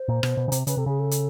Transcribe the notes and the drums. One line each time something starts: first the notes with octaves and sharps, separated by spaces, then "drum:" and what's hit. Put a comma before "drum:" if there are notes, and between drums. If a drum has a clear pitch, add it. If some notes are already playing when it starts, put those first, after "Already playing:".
Already playing: C5
A#2
B2, drum: rim click
B2
C#3
C3, drum: hi-hat
C#3 B4, drum: hi-hat
C3 A4
C#3 G#4
A4
drum: hi-hat